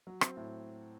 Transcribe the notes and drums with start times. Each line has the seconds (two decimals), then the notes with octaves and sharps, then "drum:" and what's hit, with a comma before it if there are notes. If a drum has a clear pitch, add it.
0.07 F#3
0.21 C4, drum: rim click
0.37 A2